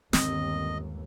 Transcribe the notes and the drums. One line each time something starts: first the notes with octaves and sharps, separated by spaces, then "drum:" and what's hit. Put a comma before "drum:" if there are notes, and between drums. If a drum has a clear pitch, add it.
G1 D#2 D#3 G#3 C4 D#5, drum: snare